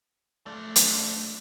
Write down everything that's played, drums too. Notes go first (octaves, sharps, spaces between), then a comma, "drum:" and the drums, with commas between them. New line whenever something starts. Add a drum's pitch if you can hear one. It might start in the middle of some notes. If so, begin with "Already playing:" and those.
F3 A3 D4
drum: hi-hat